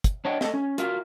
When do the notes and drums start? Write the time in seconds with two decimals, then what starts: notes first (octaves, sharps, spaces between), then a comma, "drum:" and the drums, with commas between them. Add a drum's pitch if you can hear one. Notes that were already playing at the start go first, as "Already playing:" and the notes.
0.04 drum: kick, hi-hat
0.25 D4 C#5 D#5 F#5 G5
0.41 A3 A4 D#5 E5, drum: snare
0.54 C#4
0.78 F4 F#4 A#4 E5 F5, drum: hi-hat